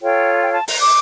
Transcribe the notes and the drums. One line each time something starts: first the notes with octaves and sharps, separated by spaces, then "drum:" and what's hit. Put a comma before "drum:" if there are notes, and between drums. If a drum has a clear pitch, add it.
F4 A4 C#5 G5
G5
A5
A#5, drum: open hi-hat
D6